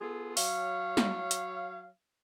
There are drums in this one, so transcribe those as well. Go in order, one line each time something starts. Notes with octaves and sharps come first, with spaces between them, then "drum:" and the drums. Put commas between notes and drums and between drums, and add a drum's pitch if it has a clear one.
B3 F4 G#4 A4
F#3 C#5 F5, drum: open hi-hat
drum: snare
drum: hi-hat